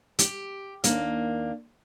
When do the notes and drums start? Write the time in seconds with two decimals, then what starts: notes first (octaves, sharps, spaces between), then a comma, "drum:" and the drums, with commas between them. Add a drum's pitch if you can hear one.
0.19 G4, drum: hi-hat
0.84 D#2 A#3 D4, drum: hi-hat